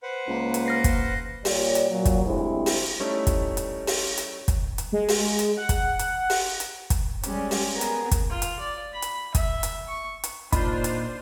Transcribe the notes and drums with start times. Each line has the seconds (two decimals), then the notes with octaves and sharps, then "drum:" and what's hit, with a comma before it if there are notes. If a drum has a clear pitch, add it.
0.03 B4 C5 F#5
0.28 C#2 A#3
0.54 drum: hi-hat
0.66 F6 A#6 C7
0.84 drum: kick, hi-hat
1.45 A#2 G3 C#5 D5, drum: open hi-hat
1.75 drum: hi-hat
1.90 A#2 F#3
2.05 drum: kick, hi-hat
2.25 D2 C3 G#3 C4 E4
2.66 drum: open hi-hat
2.99 G3 A3 C#4 D#4 E4
3.27 drum: kick, hi-hat
3.57 drum: hi-hat
3.87 drum: open hi-hat
4.18 drum: hi-hat
4.48 drum: kick, hi-hat
4.78 drum: hi-hat
4.92 G#3
5.08 drum: open hi-hat
5.39 drum: hi-hat
5.57 F#5
5.69 drum: kick, hi-hat
5.99 drum: hi-hat
6.30 drum: open hi-hat
6.60 drum: hi-hat
6.90 drum: kick, hi-hat
7.23 G3 G#3 C#4 G4, drum: hi-hat
7.51 drum: open hi-hat
7.72 B3 G#4 A#4
7.81 drum: hi-hat
8.11 drum: kick, hi-hat
8.30 F4
8.42 drum: hi-hat
8.60 D5
8.93 B5
9.02 drum: hi-hat
9.35 E5, drum: kick, hi-hat
9.63 drum: hi-hat
9.88 C#6
10.24 drum: hi-hat
10.53 A#2 D4 D#4 F4 C5 B5, drum: kick, hi-hat
10.84 drum: hi-hat